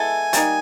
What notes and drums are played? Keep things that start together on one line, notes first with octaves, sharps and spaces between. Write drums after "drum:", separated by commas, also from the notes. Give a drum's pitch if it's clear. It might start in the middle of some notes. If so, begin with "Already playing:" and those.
Already playing: G#3 B3 E4 A4 G#5
G3 A#3 D#4, drum: hi-hat